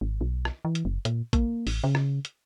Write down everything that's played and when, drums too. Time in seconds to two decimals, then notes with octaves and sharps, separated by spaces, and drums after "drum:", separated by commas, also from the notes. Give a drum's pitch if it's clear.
0.01 G#1
0.21 B1
0.45 drum: rim click
0.65 E3
0.75 drum: hi-hat
0.85 F#1
1.05 A#2, drum: hi-hat
1.33 A#3, drum: kick, hi-hat
1.67 A1, drum: open hi-hat
1.84 C#3
1.95 drum: rim click
2.25 drum: hi-hat